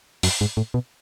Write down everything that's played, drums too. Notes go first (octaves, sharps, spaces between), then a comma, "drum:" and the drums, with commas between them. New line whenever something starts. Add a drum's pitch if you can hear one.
F#2, drum: open hi-hat
G#2
A2
B2